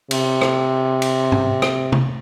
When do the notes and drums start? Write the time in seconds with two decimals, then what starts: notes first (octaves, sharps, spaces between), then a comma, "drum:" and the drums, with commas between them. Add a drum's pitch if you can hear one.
0.11 C3, drum: cymbal
0.41 drum: rim click
1.02 drum: cymbal
1.32 drum: tom G#2
1.62 drum: rim click
1.92 drum: tom